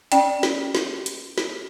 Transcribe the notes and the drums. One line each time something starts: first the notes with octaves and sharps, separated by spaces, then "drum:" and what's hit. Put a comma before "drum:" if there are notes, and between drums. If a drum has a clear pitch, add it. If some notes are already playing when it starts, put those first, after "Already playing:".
C#4 D5 G5, drum: hi-hat
drum: snare
drum: snare
drum: hi-hat
drum: snare